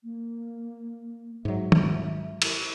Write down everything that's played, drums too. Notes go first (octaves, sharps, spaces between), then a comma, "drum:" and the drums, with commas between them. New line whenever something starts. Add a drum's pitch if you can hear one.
A#3
G#2 F#3 E5
drum: tom
E4, drum: cymbal